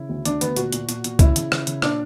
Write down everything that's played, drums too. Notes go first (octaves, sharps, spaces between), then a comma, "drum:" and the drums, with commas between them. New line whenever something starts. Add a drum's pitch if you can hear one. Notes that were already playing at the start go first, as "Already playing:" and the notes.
Already playing: C#3 E4
D2
D2 D4, drum: hi-hat
D2 B3, drum: hi-hat
A#2 F#4, drum: hi-hat
A#2, drum: hi-hat
A#2, drum: hi-hat
A#2, drum: hi-hat
C#3 E4, drum: kick, hi-hat
C#3, drum: hi-hat
C#3, drum: rim click
C#3, drum: hi-hat
A#2 D4, drum: rim click